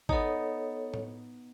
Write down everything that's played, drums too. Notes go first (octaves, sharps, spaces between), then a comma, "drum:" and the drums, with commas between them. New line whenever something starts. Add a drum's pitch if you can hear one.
B3 D#4 A4 C#5, drum: kick
drum: tom A2